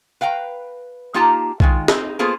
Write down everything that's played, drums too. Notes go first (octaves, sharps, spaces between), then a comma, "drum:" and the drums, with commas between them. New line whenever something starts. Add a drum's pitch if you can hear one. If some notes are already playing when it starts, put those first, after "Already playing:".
B4 F5 G5 A#5
A#3 D#4 F4 G4 A5 A#5
D#3 G#3 F4, drum: kick B1
C4 D#4, drum: snare
A#3 B3 F4 G#4 A4 C5